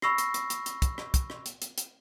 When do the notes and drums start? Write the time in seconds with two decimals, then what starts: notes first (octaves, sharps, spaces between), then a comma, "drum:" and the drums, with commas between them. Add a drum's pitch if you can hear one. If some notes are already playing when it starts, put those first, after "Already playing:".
0.02 B5 C#6 E6 A#6 C7, drum: rim click
0.18 drum: hi-hat
0.34 drum: hi-hat
0.50 drum: hi-hat
0.66 drum: hi-hat
0.82 drum: kick, hi-hat
0.98 drum: rim click
1.14 drum: kick, hi-hat
1.30 drum: rim click
1.46 drum: hi-hat
1.62 drum: hi-hat
1.78 drum: hi-hat